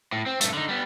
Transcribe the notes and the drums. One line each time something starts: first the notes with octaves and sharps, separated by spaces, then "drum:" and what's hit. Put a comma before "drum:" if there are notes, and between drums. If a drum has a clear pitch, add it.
A2
C4
G2 A3, drum: hi-hat
D3 D#4
G3 B3